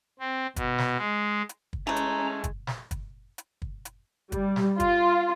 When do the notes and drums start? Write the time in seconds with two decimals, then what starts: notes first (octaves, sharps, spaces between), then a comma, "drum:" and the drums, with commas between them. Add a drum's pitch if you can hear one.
0.19 C4
0.56 B2, drum: kick, hi-hat
0.78 drum: snare
0.97 G#3
1.49 drum: hi-hat
1.73 drum: kick
1.87 E3 G#3 A3 C#4 A#5
1.96 drum: hi-hat
2.44 drum: kick, hi-hat
2.67 drum: snare
2.91 drum: kick, hi-hat
3.38 drum: hi-hat
3.62 drum: kick
3.85 drum: hi-hat
4.32 G3, drum: kick, hi-hat
4.56 drum: snare
4.80 F4, drum: kick, hi-hat